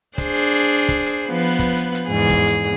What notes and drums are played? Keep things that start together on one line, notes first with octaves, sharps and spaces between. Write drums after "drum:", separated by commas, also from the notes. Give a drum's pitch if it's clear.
D4 G#4 C5, drum: kick, hi-hat
drum: hi-hat
drum: hi-hat
drum: kick, hi-hat
drum: hi-hat
F3 B3 B4
drum: kick, hi-hat
drum: hi-hat
drum: hi-hat
E2 G#2 G#4
drum: kick, hi-hat
drum: hi-hat